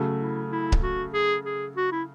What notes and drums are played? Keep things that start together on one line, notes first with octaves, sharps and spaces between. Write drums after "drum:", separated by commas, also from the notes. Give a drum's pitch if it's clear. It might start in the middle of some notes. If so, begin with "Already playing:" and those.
Already playing: C#3 F#3 A3
E4
E4
drum: kick C#1
F#4
G#4
G#4
F#4
E4